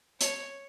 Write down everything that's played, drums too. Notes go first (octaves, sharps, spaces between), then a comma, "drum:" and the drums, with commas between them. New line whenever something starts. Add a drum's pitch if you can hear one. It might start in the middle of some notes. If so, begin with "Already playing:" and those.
C#5, drum: hi-hat